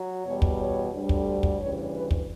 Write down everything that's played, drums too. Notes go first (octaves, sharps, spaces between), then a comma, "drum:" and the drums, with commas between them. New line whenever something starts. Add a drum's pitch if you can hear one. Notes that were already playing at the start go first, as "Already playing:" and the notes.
Already playing: F#3
E2 B2 G3 C#5
drum: kick
C#5
D2 D3 G3
drum: kick
D5
drum: kick
D2 C#3 E3 G3 C#5
B4
drum: kick